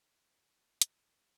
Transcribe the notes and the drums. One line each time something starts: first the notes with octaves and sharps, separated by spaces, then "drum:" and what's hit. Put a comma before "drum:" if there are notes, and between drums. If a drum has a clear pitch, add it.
F4 C5 D#5 G#5 D6
D#4 F4 G4 D#5 G5
F4 C5 D6
C#2 C#3 F3 D5 A#6, drum: hi-hat
C3 A4 A#4 D#5 A#5 C7